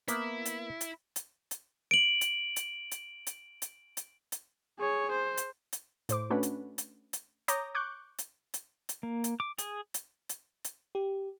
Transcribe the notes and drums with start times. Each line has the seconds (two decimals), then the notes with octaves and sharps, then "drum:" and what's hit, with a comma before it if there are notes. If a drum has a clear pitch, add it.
0.08 A#3 B3 E4, drum: hi-hat
0.45 drum: hi-hat
0.81 drum: hi-hat
1.16 drum: hi-hat
1.51 drum: hi-hat
1.91 D7 F#7
2.21 drum: hi-hat
2.56 drum: hi-hat
2.91 drum: hi-hat
3.27 drum: hi-hat
3.62 drum: hi-hat
3.97 drum: hi-hat
4.32 drum: hi-hat
4.79 G#4 C#5
5.11 C5
5.37 drum: hi-hat
5.73 drum: hi-hat
6.09 A2 C5 D6, drum: hi-hat
6.30 A3 C#4 D4 F#4 B4
6.43 drum: hi-hat
6.78 drum: hi-hat
7.13 drum: hi-hat
7.48 C#5 A#5 D6 D#6 G6 A#6, drum: hi-hat
7.75 C#6 D6 F#6 G6
8.18 drum: hi-hat
8.54 drum: hi-hat
8.89 drum: hi-hat
9.03 A#3
9.24 drum: hi-hat
9.40 D6
9.58 G#4, drum: hi-hat
9.94 drum: hi-hat
10.29 drum: hi-hat
10.64 drum: hi-hat
10.95 G4